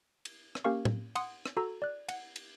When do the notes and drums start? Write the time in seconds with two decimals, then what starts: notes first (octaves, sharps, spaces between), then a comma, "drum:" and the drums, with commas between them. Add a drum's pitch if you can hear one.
0.25 drum: cymbal
0.55 drum: rim click
0.64 A#3 C#4 G4 A#4 F5 C#6
0.85 drum: tom A2
1.15 F#5 C6 D#6, drum: cymbal
1.46 drum: rim click
1.57 F#4 A4 A#5 E6
1.82 D5 F#6
2.09 F#5, drum: cymbal
2.36 drum: cymbal